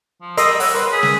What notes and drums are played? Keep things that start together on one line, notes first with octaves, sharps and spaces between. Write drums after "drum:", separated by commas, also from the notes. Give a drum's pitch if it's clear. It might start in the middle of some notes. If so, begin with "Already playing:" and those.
F3
G3 A#4 D#5 C6 E6, drum: hi-hat
C#5 F#5, drum: open hi-hat
A#4 B4 C6
G#4 B6
drum: snare